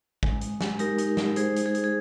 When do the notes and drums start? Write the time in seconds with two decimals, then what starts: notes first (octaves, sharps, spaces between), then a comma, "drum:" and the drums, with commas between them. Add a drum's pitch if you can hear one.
0.23 G#3, drum: kick
0.41 G#3, drum: hi-hat
0.61 G#3, drum: snare
0.79 D#4 G4 A#4, drum: hi-hat
0.98 D#4, drum: hi-hat
1.17 G#3, drum: snare
1.36 D#4 G#4 C5, drum: hi-hat
1.56 D#4, drum: hi-hat
1.66 G#4
1.75 D#4, drum: hi-hat
1.84 G#4